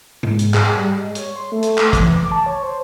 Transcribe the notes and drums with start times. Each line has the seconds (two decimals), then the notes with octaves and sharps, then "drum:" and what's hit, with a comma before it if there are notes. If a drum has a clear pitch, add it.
0.23 G#2, drum: tom
0.39 drum: hi-hat
0.54 G#4, drum: clap
0.77 G3
0.96 G#3
1.15 C#5, drum: hi-hat
1.36 C6
1.52 A3
1.63 drum: hi-hat
1.78 drum: clap
1.93 E3, drum: kick, hi-hat
2.16 D6
2.32 A5
2.46 C#5
2.63 C5